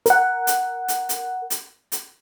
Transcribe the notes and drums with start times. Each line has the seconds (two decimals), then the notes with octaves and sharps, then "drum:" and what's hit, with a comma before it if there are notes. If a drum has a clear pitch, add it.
0.06 A#4 F#5, drum: hi-hat
0.47 drum: hi-hat
0.88 drum: hi-hat
1.09 drum: hi-hat
1.50 drum: hi-hat
1.92 drum: hi-hat